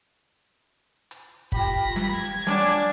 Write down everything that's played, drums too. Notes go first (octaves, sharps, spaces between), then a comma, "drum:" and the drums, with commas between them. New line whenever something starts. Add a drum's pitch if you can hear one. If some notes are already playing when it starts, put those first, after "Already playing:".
drum: hi-hat
F4 G4 G5 B5 A#6, drum: kick F#1
drum: snare
G#6
C#4 D4 F#5 D6, drum: snare